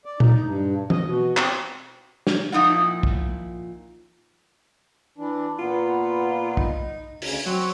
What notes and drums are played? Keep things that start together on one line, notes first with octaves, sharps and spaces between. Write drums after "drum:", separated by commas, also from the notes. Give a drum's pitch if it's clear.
D5
D#4, drum: tom A#2
G2
D#5, drum: tom E3
B2
C4, drum: clap
drum: snare
A#2 F3 D#4 E4 F#5
drum: kick
E3 D4
A#2 B3 F4
D#4, drum: kick
D2 C#3, drum: open hi-hat
F#3 C4 C#5